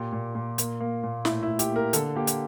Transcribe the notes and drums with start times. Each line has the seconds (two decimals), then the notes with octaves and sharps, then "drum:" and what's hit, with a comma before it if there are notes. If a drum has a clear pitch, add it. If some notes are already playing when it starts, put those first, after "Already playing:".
Already playing: A#2 G4
0.12 A#2
0.35 A#2
0.58 A#3, drum: hi-hat
0.80 A#3
1.03 A#2
1.25 A2 E4, drum: snare
1.43 E4
1.48 A2
1.59 G4, drum: hi-hat
1.71 A#3 A#4
1.93 D3 A4, drum: hi-hat
2.15 A#3 G4
2.27 drum: hi-hat